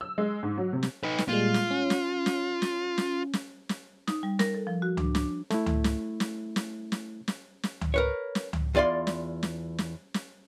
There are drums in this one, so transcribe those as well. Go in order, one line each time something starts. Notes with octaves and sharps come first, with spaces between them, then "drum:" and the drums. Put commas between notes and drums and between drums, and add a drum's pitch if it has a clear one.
E6
G#3
G#2
F#3
C3
drum: snare
D#4 B4
drum: snare
A#2 G3 G#3 F4
drum: snare
C#4
drum: snare
drum: snare
drum: snare
drum: snare
drum: snare
drum: snare
D#4, drum: snare
G3
A#4, drum: snare
A4
F3
F#4
D4, drum: tom C#2
D4, drum: snare
A3 E4, drum: snare
drum: tom C#2
drum: snare
drum: snare
drum: snare
drum: snare
drum: snare
drum: snare
drum: tom C#2
A#4 B4 C#5
drum: snare
drum: tom C#2
E2 F4 D5 F5 C6
drum: snare
drum: snare
drum: snare
drum: snare